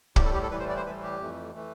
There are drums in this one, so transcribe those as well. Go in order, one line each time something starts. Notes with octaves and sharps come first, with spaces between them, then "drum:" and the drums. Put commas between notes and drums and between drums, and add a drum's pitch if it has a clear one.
A2 G3 G4, drum: kick
A4
G4
A4
A2 E3 G3 B4
C5
D5
C5
A2 E3 G3 B4
G4
F2 E3 A3
E3 A3